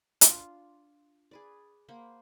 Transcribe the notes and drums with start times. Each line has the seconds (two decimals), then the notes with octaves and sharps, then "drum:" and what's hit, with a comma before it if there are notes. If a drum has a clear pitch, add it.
0.21 D4 F4, drum: hi-hat
1.31 G#4 B4 D5
1.88 A#3 C5 F#5 B5